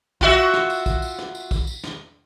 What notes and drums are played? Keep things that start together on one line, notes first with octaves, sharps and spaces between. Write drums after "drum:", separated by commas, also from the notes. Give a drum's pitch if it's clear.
F4 F#4 E5, drum: kick
drum: snare
drum: tambourine
drum: kick, tambourine
drum: tambourine
drum: snare
drum: tambourine
drum: kick, tambourine
drum: tambourine
drum: snare